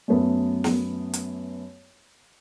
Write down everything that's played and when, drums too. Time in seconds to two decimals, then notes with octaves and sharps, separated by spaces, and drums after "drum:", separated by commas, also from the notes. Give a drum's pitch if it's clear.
0.08 F#2 A3 B3
0.64 drum: snare
1.14 drum: hi-hat